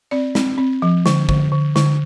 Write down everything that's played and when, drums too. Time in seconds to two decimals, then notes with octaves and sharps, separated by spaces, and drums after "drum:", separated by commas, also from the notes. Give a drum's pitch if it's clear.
0.11 C4 D5
0.35 C4, drum: snare
0.58 C4
0.82 F3
1.06 D3, drum: snare
1.29 D3, drum: kick
1.52 D3
1.76 D3, drum: snare